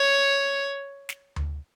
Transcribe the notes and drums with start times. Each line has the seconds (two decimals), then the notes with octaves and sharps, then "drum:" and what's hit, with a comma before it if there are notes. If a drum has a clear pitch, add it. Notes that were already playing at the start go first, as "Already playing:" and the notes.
Already playing: C#5
1.09 drum: snare
1.36 drum: tom D2